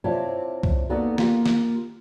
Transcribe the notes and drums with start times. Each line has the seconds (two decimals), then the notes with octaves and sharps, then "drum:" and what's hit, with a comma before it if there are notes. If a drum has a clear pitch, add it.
0.04 C3 E4 F4 C#5 D5 A5
0.63 drum: kick C2
0.89 A#3 B3 D#4 F#4 A4 D5
1.18 A#3 F4 G4, drum: snare
1.46 drum: snare